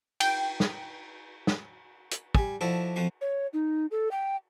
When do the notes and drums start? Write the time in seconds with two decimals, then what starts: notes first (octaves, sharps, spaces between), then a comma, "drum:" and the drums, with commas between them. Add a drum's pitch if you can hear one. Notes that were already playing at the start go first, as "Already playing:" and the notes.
0.20 G5, drum: cymbal
0.60 drum: snare
1.47 drum: snare
2.11 drum: hi-hat
2.35 G3 G#5, drum: kick
2.61 F3 E4 F#4 A4 D5 D#5
2.96 F2 F3 F#4 C6
3.21 C#5
3.53 D#4
3.91 A4
4.11 G5